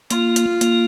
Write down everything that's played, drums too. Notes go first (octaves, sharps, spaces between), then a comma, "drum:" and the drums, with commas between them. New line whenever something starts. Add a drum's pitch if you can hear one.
A#3 F4, drum: hi-hat
drum: hi-hat
A#3, drum: hi-hat